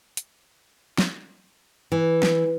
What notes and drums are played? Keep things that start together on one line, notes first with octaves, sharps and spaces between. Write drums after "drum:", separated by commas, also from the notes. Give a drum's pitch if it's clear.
drum: hi-hat
drum: snare
E3
drum: snare